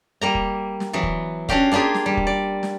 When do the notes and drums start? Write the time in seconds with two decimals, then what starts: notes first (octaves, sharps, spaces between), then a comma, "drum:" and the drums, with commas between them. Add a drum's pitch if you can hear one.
0.21 G3 A#3 A#5
0.35 drum: kick
0.80 drum: snare
0.93 E3 F#3 B3
1.03 drum: kick
1.49 C#4 D4 F#4 G4 F5, drum: kick
1.72 A#3 D4 F4 G4 G#4
1.94 drum: snare
2.06 G3
2.17 drum: kick
2.27 D5
2.63 drum: snare